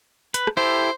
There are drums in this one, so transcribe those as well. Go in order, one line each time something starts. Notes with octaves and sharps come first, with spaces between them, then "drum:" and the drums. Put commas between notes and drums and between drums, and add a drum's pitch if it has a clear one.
B4, drum: hi-hat
drum: rim click
E4 G4 A4 C5